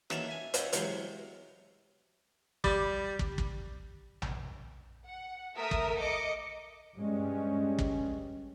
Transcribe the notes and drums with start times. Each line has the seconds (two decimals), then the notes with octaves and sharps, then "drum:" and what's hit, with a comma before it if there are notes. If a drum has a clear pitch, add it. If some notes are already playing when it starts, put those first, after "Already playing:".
0.10 D#3 E3 A#3 C#4 F#4 A5, drum: rim click
0.28 E5 G#5
0.54 C#4 F4 F#4 D#5 G5 A#5, drum: hi-hat
0.73 E2 C3 F#3 G#3 F5 G5, drum: hi-hat
2.64 G3, drum: kick
3.19 drum: kick
3.38 drum: kick
4.22 drum: tom A#1
5.05 F#5
5.55 A3 A#4 E5 D#6
5.71 drum: kick
6.01 D#5 D6 C#7
6.97 G2 G3 G#3 C#4
7.79 drum: kick